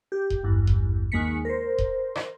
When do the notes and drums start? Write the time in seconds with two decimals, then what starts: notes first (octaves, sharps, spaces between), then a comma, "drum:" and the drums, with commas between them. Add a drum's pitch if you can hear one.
0.12 G4
0.30 drum: kick D#1
0.44 G#1 E2 G2
0.67 drum: kick D#1
1.12 D#2 G#3 A#3 B6 C#7
1.45 A#4 C5
1.78 drum: kick D#1
2.15 drum: rim click